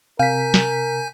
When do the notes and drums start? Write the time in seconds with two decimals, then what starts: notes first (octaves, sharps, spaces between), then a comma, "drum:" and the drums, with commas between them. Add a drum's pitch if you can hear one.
0.19 C3 A#4 F5 G#5 G6 B6
0.54 drum: snare